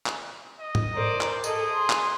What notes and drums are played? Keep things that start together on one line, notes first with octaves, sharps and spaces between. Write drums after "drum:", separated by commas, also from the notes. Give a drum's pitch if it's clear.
drum: clap
D#5
drum: tom G#2
A#4 C5 D5
drum: clap
G#4 A4 D#5, drum: tambourine
C6
drum: clap